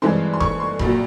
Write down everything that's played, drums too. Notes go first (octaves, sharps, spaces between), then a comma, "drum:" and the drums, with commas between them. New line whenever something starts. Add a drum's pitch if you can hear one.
G2 E3 G#3 C4 C6
C6
C#6, drum: kick F1
C6
A#1 A#2 F#3 B5, drum: kick F1